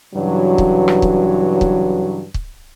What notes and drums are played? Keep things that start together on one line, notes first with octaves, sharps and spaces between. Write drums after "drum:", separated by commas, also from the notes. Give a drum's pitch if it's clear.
G2 C#3 E3 F#3
drum: kick
drum: rim click
drum: kick
drum: kick
drum: kick